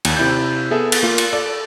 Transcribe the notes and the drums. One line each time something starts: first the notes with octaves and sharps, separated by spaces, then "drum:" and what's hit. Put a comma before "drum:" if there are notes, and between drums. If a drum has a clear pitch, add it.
D#2, drum: cymbal
C3 E4 G6
B3 G#4 A4 E5
drum: cymbal
A#3 F4
drum: cymbal
A4 D5